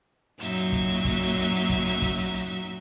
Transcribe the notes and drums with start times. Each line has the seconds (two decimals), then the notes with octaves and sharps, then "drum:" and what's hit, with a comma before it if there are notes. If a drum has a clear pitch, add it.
0.40 F#2 A#2 F#3 D#4 E5, drum: hi-hat
0.56 drum: hi-hat
0.72 drum: kick, hi-hat
0.88 drum: hi-hat
1.05 drum: kick, hi-hat
1.21 drum: hi-hat
1.37 drum: hi-hat
1.53 drum: hi-hat
1.69 drum: kick, hi-hat
1.86 drum: hi-hat
2.02 drum: kick, hi-hat
2.18 drum: hi-hat
2.34 drum: hi-hat